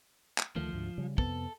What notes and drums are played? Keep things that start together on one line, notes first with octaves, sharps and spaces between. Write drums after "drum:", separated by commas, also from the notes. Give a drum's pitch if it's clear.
drum: clap
D2 D#3 F3 A3
D2 G#2 D3
C#3 G3 C#4
F2 C3 B3 A4, drum: kick